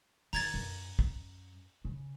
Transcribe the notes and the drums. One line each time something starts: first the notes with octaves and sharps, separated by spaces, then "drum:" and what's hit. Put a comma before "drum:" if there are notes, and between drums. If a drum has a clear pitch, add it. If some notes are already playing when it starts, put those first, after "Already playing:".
D#3 A#5 G#6 A6, drum: open hi-hat
F#2
drum: kick
C#3